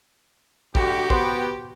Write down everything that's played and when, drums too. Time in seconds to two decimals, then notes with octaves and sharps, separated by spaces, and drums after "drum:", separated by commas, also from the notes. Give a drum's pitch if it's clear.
0.75 D2 F#4 G4, drum: kick A1
1.10 B3 C5, drum: kick A1